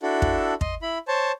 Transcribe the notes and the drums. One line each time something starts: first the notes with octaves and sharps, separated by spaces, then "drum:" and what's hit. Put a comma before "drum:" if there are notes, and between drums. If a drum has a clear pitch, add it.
D4 E4 F#4 A4
drum: kick
D#5 C6, drum: kick
E4 B5
C5 C#5 A5